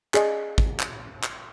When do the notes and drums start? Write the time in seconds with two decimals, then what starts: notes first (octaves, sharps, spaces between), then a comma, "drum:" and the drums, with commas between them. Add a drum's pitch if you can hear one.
0.14 G#4 D5 D#5, drum: clap
0.58 drum: kick
0.80 drum: clap
1.23 drum: clap